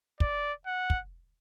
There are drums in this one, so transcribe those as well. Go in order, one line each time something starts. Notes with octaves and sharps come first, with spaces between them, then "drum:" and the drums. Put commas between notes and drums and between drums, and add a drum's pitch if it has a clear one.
D5, drum: kick
F#5
drum: kick